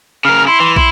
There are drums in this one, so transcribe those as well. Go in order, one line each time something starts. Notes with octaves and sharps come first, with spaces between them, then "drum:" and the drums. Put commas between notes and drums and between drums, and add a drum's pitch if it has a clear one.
C#3 A#4 F6
E4 C6
E3
E4 C6, drum: kick